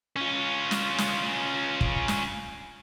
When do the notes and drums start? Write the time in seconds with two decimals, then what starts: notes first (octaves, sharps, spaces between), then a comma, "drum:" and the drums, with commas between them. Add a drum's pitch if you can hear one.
0.16 C#4 F4
0.71 drum: snare
0.98 drum: snare
1.81 drum: kick
2.08 drum: snare